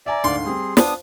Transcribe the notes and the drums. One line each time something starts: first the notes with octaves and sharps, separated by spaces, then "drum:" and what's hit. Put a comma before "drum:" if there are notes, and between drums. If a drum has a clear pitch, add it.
D5 E5 G#5 A#5
D2 G#2 F5 C6
G3 C4 G#4
B3 D4 F4 C5 D#6, drum: snare